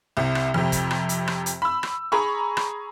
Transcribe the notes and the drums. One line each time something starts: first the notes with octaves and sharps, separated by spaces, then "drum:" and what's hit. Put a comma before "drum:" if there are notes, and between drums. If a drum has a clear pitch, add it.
C2 C3
drum: rim click
F2 C3
drum: kick, hi-hat
drum: rim click
drum: hi-hat
drum: rim click
drum: hi-hat
B5 E6
drum: rim click
G#4 A#5 B5 C#6
drum: rim click